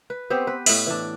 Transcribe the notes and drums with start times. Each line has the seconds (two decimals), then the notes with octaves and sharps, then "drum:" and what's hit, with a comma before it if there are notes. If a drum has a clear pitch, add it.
0.10 B4
0.30 B3 C4 G4 C5
0.47 B4
0.66 A2 D#5 E5, drum: open hi-hat
0.87 E3 D4